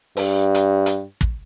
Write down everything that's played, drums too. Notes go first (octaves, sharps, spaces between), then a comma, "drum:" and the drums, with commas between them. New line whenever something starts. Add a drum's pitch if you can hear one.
G2, drum: open hi-hat
drum: hi-hat
drum: hi-hat
drum: kick